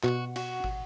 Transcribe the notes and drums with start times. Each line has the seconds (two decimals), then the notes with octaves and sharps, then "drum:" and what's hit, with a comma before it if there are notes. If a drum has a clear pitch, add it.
0.04 B2 F#4, drum: clap
0.36 F#4, drum: cymbal
0.64 drum: tom